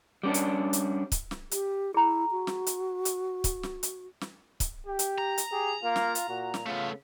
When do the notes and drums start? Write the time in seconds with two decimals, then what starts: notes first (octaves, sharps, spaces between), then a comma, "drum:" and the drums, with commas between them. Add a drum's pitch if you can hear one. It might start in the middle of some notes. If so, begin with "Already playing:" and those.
0.23 G3 C#4 D4
0.34 drum: hi-hat
0.73 drum: hi-hat
1.12 drum: kick, hi-hat
1.31 drum: snare
1.51 G4, drum: hi-hat
1.94 E4 G#4 A#5
2.31 F#4
2.47 drum: snare
2.67 drum: hi-hat
3.05 drum: hi-hat
3.44 drum: kick, hi-hat
3.63 drum: snare
3.83 drum: hi-hat
4.21 drum: snare
4.60 drum: kick, hi-hat
4.87 G4
4.99 drum: hi-hat
5.18 A#5
5.38 drum: hi-hat
5.52 G4 G#4
5.84 A#3 F4
5.96 drum: snare
6.15 drum: hi-hat
6.29 A#2 F#4
6.54 drum: snare
6.66 C#3 A3 B3 F4